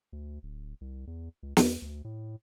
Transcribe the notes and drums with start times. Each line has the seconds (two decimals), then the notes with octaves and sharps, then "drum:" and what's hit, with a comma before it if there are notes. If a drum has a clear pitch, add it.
0.13 D2
0.43 D1
0.81 C2
1.07 E2
1.43 C#2
1.57 E2, drum: snare
1.82 D2
2.04 A2